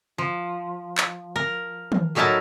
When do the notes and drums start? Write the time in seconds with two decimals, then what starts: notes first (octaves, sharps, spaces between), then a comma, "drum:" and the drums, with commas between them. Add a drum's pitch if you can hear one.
0.18 F3
0.98 drum: clap
1.36 A#4
1.92 drum: tom
2.15 A2 F#3 D#4 E4 A#4 A5